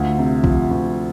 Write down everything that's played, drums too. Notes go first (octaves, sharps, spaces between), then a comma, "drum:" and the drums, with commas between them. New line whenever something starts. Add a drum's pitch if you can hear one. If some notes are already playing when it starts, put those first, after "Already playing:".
Already playing: D2 F4
C3
F3, drum: kick
D2